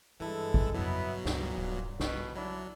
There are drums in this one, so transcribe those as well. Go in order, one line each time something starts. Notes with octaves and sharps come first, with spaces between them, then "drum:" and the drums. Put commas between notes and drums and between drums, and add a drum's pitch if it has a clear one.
G2 E3 G#3 E4 A4
drum: kick
F2 B2 F#3 B3 E4
C#2 G2 A#2, drum: snare
D1
B1 B2, drum: snare
F#3 D4 E4